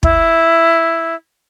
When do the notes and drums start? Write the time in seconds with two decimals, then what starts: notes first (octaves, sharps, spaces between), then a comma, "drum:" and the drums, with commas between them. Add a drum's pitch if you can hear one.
0.03 E4, drum: kick